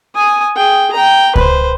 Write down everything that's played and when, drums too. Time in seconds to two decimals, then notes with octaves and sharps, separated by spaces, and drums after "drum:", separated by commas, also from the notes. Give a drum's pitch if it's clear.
0.15 G#5 D#6
0.56 G#4 G5
0.93 G5 A#5
1.36 B4 C5, drum: kick C#2